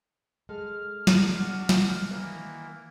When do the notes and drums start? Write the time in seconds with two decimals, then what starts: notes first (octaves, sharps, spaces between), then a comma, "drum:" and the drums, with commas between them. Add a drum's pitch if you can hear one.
0.49 G#3 A4 F6
1.07 drum: snare
1.38 D4 F#4 F#5
1.69 drum: snare
2.11 D#3 E3 A#3 B4